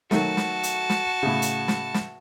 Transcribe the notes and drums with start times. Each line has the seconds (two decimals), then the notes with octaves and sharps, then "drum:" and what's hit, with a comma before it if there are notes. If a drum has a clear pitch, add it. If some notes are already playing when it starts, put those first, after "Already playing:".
0.11 D#3 F#3 A3 F#4 A5, drum: snare
0.37 drum: snare
0.63 drum: hi-hat
0.90 drum: snare
1.23 A2 C#3
1.42 drum: hi-hat
1.68 drum: snare
1.94 drum: snare